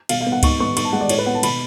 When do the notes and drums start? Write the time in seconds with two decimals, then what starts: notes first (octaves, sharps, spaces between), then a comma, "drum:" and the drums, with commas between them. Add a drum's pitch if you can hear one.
0.09 B2 F5, drum: cymbal
0.21 F5
0.27 B3
0.32 F#5
0.43 G#2 C#6, drum: kick C#2, cymbal
0.60 B3 C#6
0.77 G#2 C#6, drum: cymbal
0.85 A5
0.93 G#3 F#5
1.01 D5
1.09 A2 C#5, drum: cymbal
1.19 B4
1.26 B3 F#5
1.34 A5
1.43 B2 B5, drum: cymbal